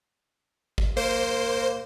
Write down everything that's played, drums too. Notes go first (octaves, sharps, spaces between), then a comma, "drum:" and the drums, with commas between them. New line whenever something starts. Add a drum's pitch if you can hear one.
drum: kick G#1
A#3 C5